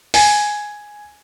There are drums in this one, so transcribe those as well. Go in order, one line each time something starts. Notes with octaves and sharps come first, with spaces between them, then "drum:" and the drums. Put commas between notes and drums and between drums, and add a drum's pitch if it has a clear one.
G#5, drum: open hi-hat